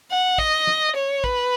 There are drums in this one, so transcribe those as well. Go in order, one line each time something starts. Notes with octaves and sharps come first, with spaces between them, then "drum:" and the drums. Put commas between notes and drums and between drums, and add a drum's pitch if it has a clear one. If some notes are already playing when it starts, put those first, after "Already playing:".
F#5
D#5, drum: kick
drum: snare
C#5
B4, drum: kick